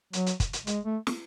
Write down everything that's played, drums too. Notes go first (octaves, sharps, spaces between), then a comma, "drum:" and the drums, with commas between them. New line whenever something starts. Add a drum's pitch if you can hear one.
F#3, drum: hi-hat
drum: hi-hat
drum: kick, hi-hat
drum: hi-hat
G#3, drum: hi-hat
A3
drum: snare